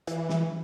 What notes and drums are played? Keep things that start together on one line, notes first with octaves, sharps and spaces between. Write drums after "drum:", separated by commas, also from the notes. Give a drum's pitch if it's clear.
E3, drum: hi-hat
drum: snare